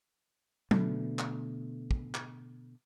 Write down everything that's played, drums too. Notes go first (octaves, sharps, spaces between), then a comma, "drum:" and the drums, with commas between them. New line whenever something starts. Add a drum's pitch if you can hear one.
B2 D3 A3, drum: tom F#3
drum: clap
drum: kick
drum: clap